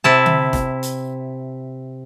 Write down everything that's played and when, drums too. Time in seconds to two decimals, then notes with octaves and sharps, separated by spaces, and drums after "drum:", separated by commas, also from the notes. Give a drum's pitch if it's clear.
0.04 C3 E4 A5
0.26 drum: tom D3
0.53 drum: snare
0.83 drum: hi-hat